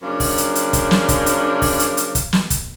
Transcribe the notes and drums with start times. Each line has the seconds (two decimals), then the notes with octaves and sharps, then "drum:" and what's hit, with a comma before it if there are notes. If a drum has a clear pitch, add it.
0.02 F#2 C#3 F3 A#3 D4
0.20 drum: kick, open hi-hat
0.38 drum: hi-hat
0.55 drum: hi-hat
0.73 drum: kick, hi-hat
0.91 drum: snare
1.09 drum: kick, hi-hat
1.26 drum: hi-hat
1.62 drum: kick, open hi-hat
1.79 drum: hi-hat
1.97 drum: hi-hat
2.15 drum: kick, hi-hat
2.33 drum: snare
2.50 drum: kick, hi-hat